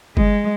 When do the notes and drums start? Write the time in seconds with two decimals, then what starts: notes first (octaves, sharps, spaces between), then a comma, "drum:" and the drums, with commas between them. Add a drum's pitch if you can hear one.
0.17 G#3, drum: kick G1